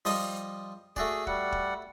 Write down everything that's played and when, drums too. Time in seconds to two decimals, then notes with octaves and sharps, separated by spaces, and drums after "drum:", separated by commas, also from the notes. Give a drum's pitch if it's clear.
0.05 F3 G3 D#5, drum: open hi-hat
0.96 A3 F#4 G#4 D5, drum: kick
1.27 G3 F#5, drum: kick
1.52 drum: kick